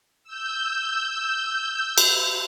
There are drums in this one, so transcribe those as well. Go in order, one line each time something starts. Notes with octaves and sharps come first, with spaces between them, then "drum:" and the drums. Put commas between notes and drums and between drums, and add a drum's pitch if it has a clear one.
E6 G6
drum: cymbal